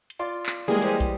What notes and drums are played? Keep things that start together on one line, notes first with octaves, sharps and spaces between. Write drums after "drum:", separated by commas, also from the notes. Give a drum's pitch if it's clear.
drum: hi-hat
F4 D5 C6
drum: clap
E3 G3 G#3 A#3 G#4
G4 C5 D#5, drum: hi-hat
drum: kick, hi-hat